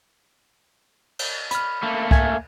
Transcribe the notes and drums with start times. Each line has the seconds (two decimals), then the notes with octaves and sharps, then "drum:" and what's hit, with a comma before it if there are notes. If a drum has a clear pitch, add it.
1.19 drum: cymbal
1.51 B5 F6, drum: hi-hat
1.83 A3 A#3
2.11 E5 G#5 G#6, drum: kick C2